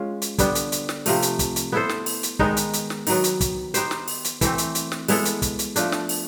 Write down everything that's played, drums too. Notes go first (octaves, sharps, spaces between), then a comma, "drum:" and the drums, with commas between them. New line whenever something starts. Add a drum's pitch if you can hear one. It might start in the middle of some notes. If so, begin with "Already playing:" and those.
Already playing: G#3 C#4 F4
drum: hi-hat
D3 G3 B3 D4, drum: kick, hi-hat
drum: hi-hat
drum: hi-hat
drum: snare
C3 F3 A3, drum: open hi-hat
drum: hi-hat
drum: kick, hi-hat
drum: hi-hat
B3 E4 A4 C5
drum: snare
drum: open hi-hat
drum: hi-hat
D#3 G#3 B3 D#4, drum: kick
drum: hi-hat
drum: hi-hat
drum: snare
D#3 F#3 B3, drum: open hi-hat
drum: hi-hat
drum: kick, hi-hat
B3 D#4 G4 C5, drum: hi-hat
drum: snare
drum: open hi-hat
drum: hi-hat
E3 A3 C4, drum: kick, hi-hat
drum: hi-hat
drum: hi-hat
drum: snare
G#3 B3 E4 A4, drum: open hi-hat
drum: hi-hat
drum: kick, hi-hat
drum: hi-hat
F3 A3 D4, drum: hi-hat
drum: snare
drum: open hi-hat